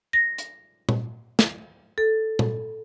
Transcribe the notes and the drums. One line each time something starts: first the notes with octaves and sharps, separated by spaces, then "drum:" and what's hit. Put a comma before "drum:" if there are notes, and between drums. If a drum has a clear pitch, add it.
A#6
drum: hi-hat
drum: tom A#2
drum: snare
A4
drum: tom A#2